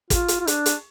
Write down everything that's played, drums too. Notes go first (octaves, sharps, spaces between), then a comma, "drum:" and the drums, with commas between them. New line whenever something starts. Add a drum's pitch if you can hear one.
F4, drum: kick, hi-hat
drum: hi-hat
F4
D4, drum: hi-hat
drum: hi-hat